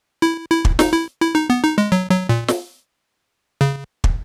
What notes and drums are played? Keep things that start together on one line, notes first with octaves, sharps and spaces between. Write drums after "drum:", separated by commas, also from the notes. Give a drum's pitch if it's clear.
E4
E4
drum: kick
D#4, drum: snare
E4
E4
D#4
B3
D#4
G#3
F#3
F#3
A#2
drum: snare
C#3
drum: kick